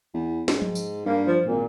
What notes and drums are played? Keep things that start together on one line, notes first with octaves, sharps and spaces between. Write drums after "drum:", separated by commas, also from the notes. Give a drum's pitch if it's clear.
E2
G#2, drum: snare
drum: tom F3
drum: tambourine
G2 A#3
F3
G#1 A#2